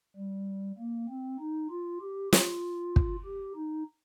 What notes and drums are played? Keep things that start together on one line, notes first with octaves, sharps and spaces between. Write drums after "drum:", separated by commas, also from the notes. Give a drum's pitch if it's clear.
G3
A#3
C4
D#4
F4
G4
F4, drum: snare
drum: kick
G4
D#4